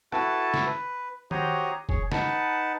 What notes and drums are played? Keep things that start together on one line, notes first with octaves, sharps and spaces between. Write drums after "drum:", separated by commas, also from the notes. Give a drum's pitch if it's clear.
E4 F#4 A4 B4 A5, drum: rim click
drum: snare
B4
F#4 G4 C5 C#5 A#5 D#6, drum: tom D#3
G#4 C#5, drum: kick F1
D#4 B4 F#5 A5, drum: snare